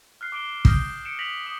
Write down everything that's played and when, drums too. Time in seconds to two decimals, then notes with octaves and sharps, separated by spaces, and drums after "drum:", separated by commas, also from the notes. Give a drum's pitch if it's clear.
0.21 F6 F#6 C7
0.32 D6 D7 G7
0.65 D#6 F6 G6 A#6, drum: kick
1.05 C#7 D7 E7
1.19 A#6 B6 F7 F#7
1.46 D#6 E7